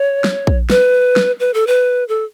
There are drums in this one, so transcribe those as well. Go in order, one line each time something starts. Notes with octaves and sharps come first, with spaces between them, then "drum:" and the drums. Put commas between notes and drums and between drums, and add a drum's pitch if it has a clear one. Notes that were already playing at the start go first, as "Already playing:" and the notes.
Already playing: C#5
drum: snare
drum: kick A#1
B4, drum: snare
drum: snare
B4
A4
B4
A4